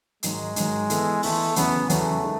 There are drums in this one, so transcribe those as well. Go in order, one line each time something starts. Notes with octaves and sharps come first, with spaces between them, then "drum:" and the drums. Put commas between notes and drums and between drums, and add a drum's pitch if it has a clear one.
G#2 D#3 F#3 G#3, drum: hi-hat
G#2 D#3 F#3, drum: hi-hat
E3 B3 E4 A4, drum: hi-hat
E3 A3 B3 E4 A4, drum: open hi-hat
E2 C#3 F#3 B3 C#4, drum: hi-hat
E2 C#3 F#3 A3 C#4, drum: hi-hat
D#3 G#3